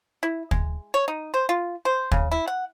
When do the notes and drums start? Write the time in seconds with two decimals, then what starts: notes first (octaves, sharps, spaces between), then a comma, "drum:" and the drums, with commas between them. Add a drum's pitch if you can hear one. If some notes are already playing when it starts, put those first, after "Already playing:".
0.23 E4
0.51 G#3, drum: kick
0.94 C#5
1.08 D#4
1.34 C5
1.49 F4
1.85 C5
2.12 C#3, drum: kick
2.31 E4
2.48 F#5